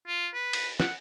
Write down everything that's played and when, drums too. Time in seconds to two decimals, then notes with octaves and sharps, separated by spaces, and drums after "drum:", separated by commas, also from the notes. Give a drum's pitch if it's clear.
0.08 F4
0.34 B4
0.53 drum: cymbal
0.80 F#5, drum: snare